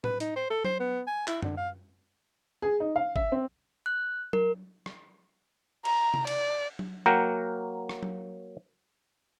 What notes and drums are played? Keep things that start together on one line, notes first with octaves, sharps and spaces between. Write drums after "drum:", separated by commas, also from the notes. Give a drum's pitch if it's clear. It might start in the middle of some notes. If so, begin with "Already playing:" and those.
B4, drum: tom A2
D#4, drum: hi-hat
C5
A4
C5, drum: tom F#3
B3
G#5
E4, drum: clap
D3, drum: tom F#2
F5
G#4
D#4
F5
E5, drum: kick G1
C4
F#6
A#4, drum: tom F#3
drum: rim click
A#5, drum: cymbal
drum: tom C3
D5, drum: cymbal
drum: tom F#3
F#3 A#3 A#4 F#5 G5 A#5
drum: rim click
drum: tom F#3